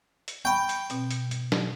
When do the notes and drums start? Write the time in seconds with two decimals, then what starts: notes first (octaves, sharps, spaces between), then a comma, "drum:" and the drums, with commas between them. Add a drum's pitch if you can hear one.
0.28 drum: hi-hat
0.45 G5 B5 C#6
0.69 drum: hi-hat
0.90 B2 C4, drum: hi-hat
1.11 drum: hi-hat
1.31 drum: hi-hat
1.52 drum: snare